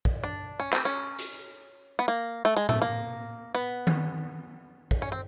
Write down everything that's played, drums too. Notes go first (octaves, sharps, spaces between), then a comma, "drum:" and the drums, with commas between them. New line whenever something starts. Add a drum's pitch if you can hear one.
drum: kick
D4
C#4
C4, drum: clap
C#4
drum: hi-hat
B3
A#3
A3
G#3
A3, drum: tom A2
A#3
B3
drum: tom D#3
drum: kick
C#4
C4